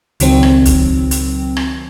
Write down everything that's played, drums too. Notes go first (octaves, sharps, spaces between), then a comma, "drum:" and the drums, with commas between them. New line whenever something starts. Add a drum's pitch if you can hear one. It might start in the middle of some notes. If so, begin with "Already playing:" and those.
C#2 D#3 F#3 C4, drum: hi-hat
drum: rim click
drum: kick, hi-hat
drum: hi-hat
drum: rim click